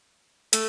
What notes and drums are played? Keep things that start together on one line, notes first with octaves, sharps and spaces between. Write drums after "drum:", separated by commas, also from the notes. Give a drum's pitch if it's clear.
A3, drum: hi-hat